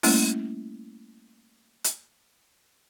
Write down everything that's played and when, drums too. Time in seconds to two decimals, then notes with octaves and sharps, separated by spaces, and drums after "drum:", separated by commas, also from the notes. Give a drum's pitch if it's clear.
0.03 G3 A3 A#3 C#4 E4, drum: open hi-hat
1.84 drum: hi-hat